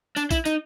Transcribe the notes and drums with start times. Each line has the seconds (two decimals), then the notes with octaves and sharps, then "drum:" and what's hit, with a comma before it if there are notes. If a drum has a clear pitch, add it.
0.16 D4, drum: tambourine
0.31 E4, drum: kick A#1, tambourine
0.45 D#4, drum: tambourine